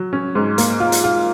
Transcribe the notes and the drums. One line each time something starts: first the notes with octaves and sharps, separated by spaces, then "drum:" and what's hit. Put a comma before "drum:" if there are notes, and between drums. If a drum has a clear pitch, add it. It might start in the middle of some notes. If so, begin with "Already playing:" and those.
Already playing: F#3
C#4
G#2
A#3, drum: hi-hat
F4
drum: hi-hat
F4